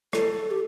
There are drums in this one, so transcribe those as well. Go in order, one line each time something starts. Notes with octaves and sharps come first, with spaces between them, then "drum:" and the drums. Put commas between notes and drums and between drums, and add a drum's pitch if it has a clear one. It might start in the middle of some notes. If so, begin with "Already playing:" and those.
A4, drum: rim click
G4